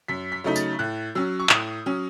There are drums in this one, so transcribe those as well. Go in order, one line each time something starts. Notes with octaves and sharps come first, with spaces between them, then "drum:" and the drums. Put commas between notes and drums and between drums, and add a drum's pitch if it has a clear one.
F#2 B6
B6
C#3 F#3 A3 D#4
A6, drum: tambourine
A2 F#6
F#3 C#4 E6
C#6
A2 D#6, drum: clap
F#3 C#4